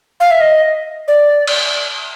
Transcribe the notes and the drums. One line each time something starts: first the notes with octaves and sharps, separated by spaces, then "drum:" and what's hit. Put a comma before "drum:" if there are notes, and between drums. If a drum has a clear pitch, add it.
F5
E5
D#5
D5
drum: cymbal